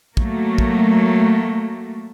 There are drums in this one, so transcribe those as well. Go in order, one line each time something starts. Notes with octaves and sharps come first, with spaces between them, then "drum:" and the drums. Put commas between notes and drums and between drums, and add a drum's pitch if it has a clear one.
F#3 A3 A#3, drum: kick
drum: kick